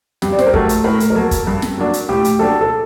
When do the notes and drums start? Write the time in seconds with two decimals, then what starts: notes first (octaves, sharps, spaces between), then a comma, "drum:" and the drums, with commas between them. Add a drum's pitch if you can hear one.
0.22 G2 G4, drum: snare
0.32 D5
0.39 C5, drum: snare
0.46 A#4
0.54 F#3 A3 A4, drum: kick
0.69 drum: hi-hat
0.84 A2 A#4
1.00 drum: hi-hat
1.10 A#4
1.15 F#3 A#3 A4
1.31 drum: kick, hi-hat
1.47 G2
1.62 drum: snare
1.78 F#3 A#3 D4
1.93 drum: hi-hat
2.09 A2 G4
2.24 drum: hi-hat
2.39 F#3 A#3 D4 A4
2.61 A4